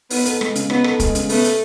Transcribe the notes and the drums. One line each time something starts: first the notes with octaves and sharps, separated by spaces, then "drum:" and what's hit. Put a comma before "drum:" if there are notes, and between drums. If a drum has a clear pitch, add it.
B3 D#4, drum: open hi-hat
A4, drum: hi-hat
G#3, drum: rim click
C#3, drum: hi-hat
B3 D#4, drum: rim click
A4, drum: rim click
G#3, drum: kick, hi-hat
C#3, drum: hi-hat
A3 B3, drum: open hi-hat
drum: hi-hat